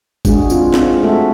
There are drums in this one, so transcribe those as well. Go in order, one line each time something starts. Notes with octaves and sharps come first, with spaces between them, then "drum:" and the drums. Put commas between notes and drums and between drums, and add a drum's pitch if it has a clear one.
G#3 D4 F#4 G#4, drum: kick, tambourine
C4 F4, drum: tambourine
C4, drum: snare
G#3 A3 F#4 A4 E5